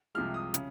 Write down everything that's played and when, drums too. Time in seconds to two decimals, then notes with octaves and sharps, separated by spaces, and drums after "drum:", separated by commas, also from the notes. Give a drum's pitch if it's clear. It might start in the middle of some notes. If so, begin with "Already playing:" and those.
0.15 C2 C3 F3 G#3 F6
0.34 D#6
0.54 C#3, drum: hi-hat